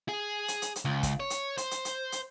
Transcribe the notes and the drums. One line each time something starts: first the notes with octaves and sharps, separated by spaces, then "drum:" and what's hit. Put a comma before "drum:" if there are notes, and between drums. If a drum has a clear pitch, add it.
G#4
drum: hi-hat
drum: hi-hat
drum: hi-hat
C#2
drum: kick, hi-hat
C#5
drum: hi-hat
C5, drum: hi-hat
drum: hi-hat
drum: hi-hat
drum: hi-hat